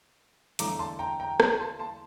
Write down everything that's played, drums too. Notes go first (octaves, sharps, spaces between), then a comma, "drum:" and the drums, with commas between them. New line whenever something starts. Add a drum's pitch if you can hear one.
E2 D3 A3 A#5 D6, drum: hi-hat
A5 C6
G5 A#5
G5 A#5
drum: rim click
A5 C6
A5 C6